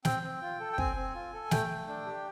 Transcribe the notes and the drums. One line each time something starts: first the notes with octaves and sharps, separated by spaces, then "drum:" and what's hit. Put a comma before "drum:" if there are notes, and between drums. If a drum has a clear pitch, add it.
C4 G5, drum: snare
C4
F4
A4
G5
C4 G#5, drum: kick
C4
F4
A4
A3 G5, drum: snare
A3
D4
G4